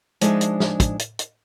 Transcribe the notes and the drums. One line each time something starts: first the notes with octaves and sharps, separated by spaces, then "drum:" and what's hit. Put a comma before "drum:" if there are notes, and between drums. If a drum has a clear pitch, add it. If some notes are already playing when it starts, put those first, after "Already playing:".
F3 G#3 D4 D#4 G#4 E5, drum: hi-hat
drum: hi-hat
drum: snare
drum: kick, hi-hat
drum: hi-hat
drum: hi-hat